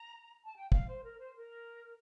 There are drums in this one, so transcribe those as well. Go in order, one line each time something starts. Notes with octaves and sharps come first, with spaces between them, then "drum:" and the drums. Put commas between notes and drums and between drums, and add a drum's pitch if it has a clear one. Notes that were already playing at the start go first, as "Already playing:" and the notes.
Already playing: A#5
A5
G5
F5, drum: kick
C5
A#4
C5
A#4